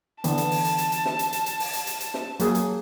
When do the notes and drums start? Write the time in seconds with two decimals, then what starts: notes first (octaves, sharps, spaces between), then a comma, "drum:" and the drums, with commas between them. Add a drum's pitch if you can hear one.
0.24 D3 E3 B3 A5, drum: hi-hat
0.38 drum: hi-hat
0.51 drum: open hi-hat
0.65 drum: hi-hat
0.78 drum: hi-hat
0.92 drum: hi-hat
1.05 drum: snare
1.19 drum: hi-hat
1.33 drum: hi-hat
1.46 drum: hi-hat
1.60 drum: open hi-hat
1.73 drum: hi-hat
1.87 drum: hi-hat
2.00 drum: hi-hat
2.14 drum: snare
2.40 F#3 A#3 G#4, drum: hi-hat
2.55 drum: hi-hat